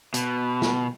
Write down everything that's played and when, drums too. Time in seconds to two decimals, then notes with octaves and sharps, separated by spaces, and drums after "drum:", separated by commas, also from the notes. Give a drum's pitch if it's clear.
0.14 B2, drum: hi-hat
0.62 drum: snare